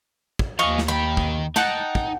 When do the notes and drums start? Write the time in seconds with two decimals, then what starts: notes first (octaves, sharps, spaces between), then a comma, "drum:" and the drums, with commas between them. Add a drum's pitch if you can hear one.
0.39 drum: kick
0.59 D#2 F3 D#5 F5 G#5 C#6
0.78 drum: snare
0.88 D#3 G5 B5
1.17 drum: kick
1.56 D#4 F#5 G5 A5, drum: snare
1.95 drum: kick